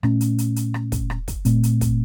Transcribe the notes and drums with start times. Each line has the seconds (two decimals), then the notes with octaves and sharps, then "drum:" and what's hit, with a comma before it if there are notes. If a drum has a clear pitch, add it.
0.03 A#2 A3 C#4, drum: rim click
0.21 drum: hi-hat
0.38 drum: hi-hat
0.56 drum: hi-hat
0.74 drum: rim click
0.92 drum: kick, hi-hat
1.10 drum: rim click
1.28 drum: kick, hi-hat
1.45 A#2 A3 C4, drum: hi-hat
1.63 drum: hi-hat
1.81 drum: kick, hi-hat